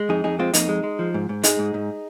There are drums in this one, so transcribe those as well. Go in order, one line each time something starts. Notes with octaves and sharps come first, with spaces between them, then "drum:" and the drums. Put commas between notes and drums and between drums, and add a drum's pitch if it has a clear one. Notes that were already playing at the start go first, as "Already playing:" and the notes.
Already playing: G#3
F2 D#4 G#4
F2 D#4 G#4
G#3 C4 F4
F2 A#3 D#4, drum: hi-hat
G#3
G#3
F3
G#2
G#2
G#3 D#4 G#4, drum: hi-hat
G#2
G#2